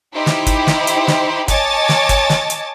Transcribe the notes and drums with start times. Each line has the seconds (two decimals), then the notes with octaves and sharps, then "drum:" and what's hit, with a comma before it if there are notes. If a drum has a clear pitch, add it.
0.15 D#4 E4 G4 C5
0.26 drum: snare
0.46 drum: kick, hi-hat
0.67 drum: snare
0.87 drum: hi-hat
1.07 drum: snare
1.48 C#5 D#5 G#5 A5 D6 A6, drum: kick, hi-hat
1.89 drum: snare
2.09 drum: kick, hi-hat
2.29 drum: snare
2.50 drum: hi-hat